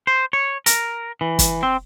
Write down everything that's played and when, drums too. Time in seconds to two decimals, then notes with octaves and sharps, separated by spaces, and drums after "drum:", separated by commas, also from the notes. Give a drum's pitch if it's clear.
0.07 C5
0.33 C#5
0.66 A#4, drum: hi-hat
1.21 E3
1.39 drum: kick F#1, hi-hat
1.63 C4